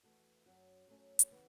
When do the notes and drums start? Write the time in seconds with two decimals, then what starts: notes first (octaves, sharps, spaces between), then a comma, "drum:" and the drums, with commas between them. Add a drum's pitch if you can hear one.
0.03 E2 E3 A3 F#4
0.46 F#2 F#3 C#4 F#4
0.88 F#2 F#3 A3 C#4
1.19 drum: hi-hat
1.31 C#3 E3 B3